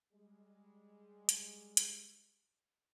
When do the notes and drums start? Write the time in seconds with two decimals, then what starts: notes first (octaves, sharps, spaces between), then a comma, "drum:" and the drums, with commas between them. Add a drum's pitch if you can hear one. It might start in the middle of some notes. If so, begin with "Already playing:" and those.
0.13 G3 G#3
1.29 drum: hi-hat
1.77 drum: hi-hat